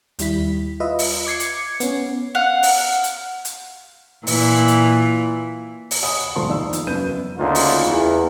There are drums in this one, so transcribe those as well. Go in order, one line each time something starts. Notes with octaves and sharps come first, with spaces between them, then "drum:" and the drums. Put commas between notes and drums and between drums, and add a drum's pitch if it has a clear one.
D#2 G3 E4 B6, drum: hi-hat
F4 B4 D#5 E5
drum: open hi-hat
D6 G#6 C7 C#7
drum: hi-hat
B3 C#4, drum: hi-hat
F5 F#5
drum: open hi-hat
drum: hi-hat
drum: hi-hat
A#2 E3, drum: open hi-hat
drum: hi-hat
drum: open hi-hat
C#5 D#5 F#5 G#5 B5 D#6
D2 A#2 G3 C5 A5 C6
E2 A#3 D#4 D5 E6
drum: hi-hat
F#1 F#2 B3 B4 G6 D#7
D2 C#3 A#3 D#4 F4
drum: open hi-hat
E2